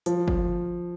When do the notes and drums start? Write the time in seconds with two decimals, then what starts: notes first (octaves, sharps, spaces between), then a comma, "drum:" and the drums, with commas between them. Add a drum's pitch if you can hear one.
0.06 F3, drum: hi-hat
0.28 drum: kick G1